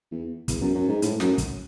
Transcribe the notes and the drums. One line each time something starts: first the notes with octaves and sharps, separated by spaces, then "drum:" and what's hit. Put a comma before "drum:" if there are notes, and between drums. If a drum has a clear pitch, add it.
E2
E2, drum: kick, hi-hat
F#2
F#2
G#2
A2, drum: hi-hat
F#2, drum: snare
drum: kick, hi-hat